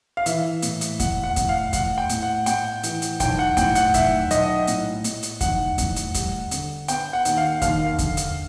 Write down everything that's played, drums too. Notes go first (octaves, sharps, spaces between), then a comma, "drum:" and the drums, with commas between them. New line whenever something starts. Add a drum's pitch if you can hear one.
F5
E3 E5, drum: hi-hat
A2, drum: hi-hat
drum: hi-hat
A2 F#5, drum: kick E2, hi-hat
F#5
A2, drum: kick E2, hi-hat
F5
A2 F#5, drum: kick E2, hi-hat
G5
A2, drum: hi-hat
F#5
A2 G5, drum: hi-hat
E3, drum: hi-hat
drum: hi-hat
B1 G5, drum: kick E2, hi-hat
F#5
A2 G5, drum: kick E2, hi-hat
F#5, drum: hi-hat
B1 E5, drum: kick E2, hi-hat
B1 D#5, drum: hi-hat
A2, drum: hi-hat
A2, drum: hi-hat
drum: hi-hat
B1 F#5, drum: kick E2, hi-hat
A2, drum: kick E2, hi-hat
drum: hi-hat
G3, drum: kick E2, hi-hat
D3, drum: hi-hat
B3 G5, drum: hi-hat
F#5
D#2, drum: hi-hat
F5
D#2 F5, drum: kick E2, hi-hat
D3, drum: kick E2, hi-hat
drum: hi-hat